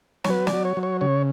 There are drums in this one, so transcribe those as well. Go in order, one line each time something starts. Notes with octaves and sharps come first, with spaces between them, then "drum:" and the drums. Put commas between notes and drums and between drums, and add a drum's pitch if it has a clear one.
C#5, drum: snare
F#3 B4
D5, drum: snare
F#3
C#5
F#3
C#5
C#3 C#5